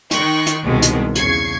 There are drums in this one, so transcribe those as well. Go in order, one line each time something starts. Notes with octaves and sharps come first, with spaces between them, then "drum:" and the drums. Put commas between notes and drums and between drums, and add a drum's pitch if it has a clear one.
D#3 G5 C6 C#6 F#6, drum: hi-hat
drum: hi-hat
C2 B2 D#3 G#3
drum: hi-hat
E2 C#3 C#6 G#6 C7, drum: hi-hat